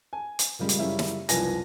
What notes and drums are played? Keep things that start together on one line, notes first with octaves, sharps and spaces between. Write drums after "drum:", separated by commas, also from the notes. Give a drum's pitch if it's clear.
G#5
drum: hi-hat
A#2 C#3 G3 G#3
drum: hi-hat
F#2 C#3 G3 C#4 E4
drum: snare
F#1 C2 F3 B4 G#5 A#6, drum: hi-hat